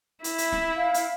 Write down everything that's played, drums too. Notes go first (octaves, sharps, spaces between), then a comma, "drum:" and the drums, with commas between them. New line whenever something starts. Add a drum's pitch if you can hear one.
E4, drum: hi-hat
drum: hi-hat
drum: snare
F5
drum: hi-hat